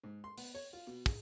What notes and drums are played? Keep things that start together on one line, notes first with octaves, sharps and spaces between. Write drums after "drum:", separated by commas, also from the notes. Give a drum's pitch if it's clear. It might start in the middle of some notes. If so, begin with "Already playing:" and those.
G#2
C6
B3, drum: open hi-hat
C#5
F4
B2
G#4, drum: kick, open hi-hat